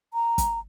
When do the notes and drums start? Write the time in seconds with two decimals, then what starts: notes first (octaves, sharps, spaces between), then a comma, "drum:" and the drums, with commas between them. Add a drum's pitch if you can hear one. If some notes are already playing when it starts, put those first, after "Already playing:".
0.14 A#5
0.38 drum: kick, hi-hat